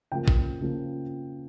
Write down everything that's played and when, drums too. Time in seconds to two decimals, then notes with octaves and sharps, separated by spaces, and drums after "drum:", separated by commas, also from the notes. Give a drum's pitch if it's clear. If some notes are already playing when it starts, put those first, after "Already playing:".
0.12 C#3 F3 A#3 G5
0.28 drum: kick
0.62 C#3 F3 A#3